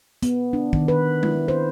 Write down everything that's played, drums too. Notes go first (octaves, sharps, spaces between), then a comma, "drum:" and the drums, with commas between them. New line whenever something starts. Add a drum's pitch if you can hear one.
B3, drum: hi-hat
D4
D#3, drum: kick
B4
E4, drum: tom G#3
C5